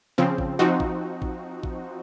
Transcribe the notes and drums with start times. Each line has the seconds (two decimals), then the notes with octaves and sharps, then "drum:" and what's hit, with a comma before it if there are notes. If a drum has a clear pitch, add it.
0.18 C#3 F3 C4
0.38 drum: kick A1
0.59 F3 C4 D#4 F#4
0.80 drum: kick A1
1.22 drum: kick A1
1.63 drum: kick A1